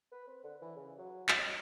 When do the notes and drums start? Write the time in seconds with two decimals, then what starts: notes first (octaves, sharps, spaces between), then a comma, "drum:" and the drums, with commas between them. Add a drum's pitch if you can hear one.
0.12 B4
0.27 C4
0.44 D3
0.62 E3
0.76 C#3
0.98 F#3
1.29 drum: clap
1.39 D#4